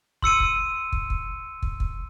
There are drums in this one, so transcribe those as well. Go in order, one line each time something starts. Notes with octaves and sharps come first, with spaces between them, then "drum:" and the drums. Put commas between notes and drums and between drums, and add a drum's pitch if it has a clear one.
C6 E6 C#7 D#7, drum: kick
drum: kick
drum: kick
drum: kick
drum: kick
drum: kick